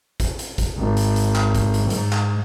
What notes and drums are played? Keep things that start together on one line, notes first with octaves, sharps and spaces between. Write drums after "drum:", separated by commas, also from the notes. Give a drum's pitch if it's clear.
drum: kick, hi-hat
drum: hi-hat
drum: kick, hi-hat
G#1
drum: hi-hat
drum: hi-hat
drum: clap
drum: kick, hi-hat
drum: hi-hat
G#2, drum: hi-hat
drum: clap